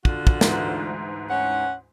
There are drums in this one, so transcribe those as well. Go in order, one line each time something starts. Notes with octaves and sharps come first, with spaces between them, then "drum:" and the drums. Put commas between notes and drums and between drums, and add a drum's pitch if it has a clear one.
D3 F4 F#4, drum: kick
drum: kick
D2 G#2 E3, drum: snare
C#4 F#5